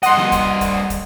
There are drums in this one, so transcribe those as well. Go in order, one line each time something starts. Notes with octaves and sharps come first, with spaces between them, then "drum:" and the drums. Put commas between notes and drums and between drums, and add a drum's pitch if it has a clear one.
G2 D#5 F#5 C6, drum: hi-hat
drum: snare
drum: kick, hi-hat
drum: kick, hi-hat
drum: kick, hi-hat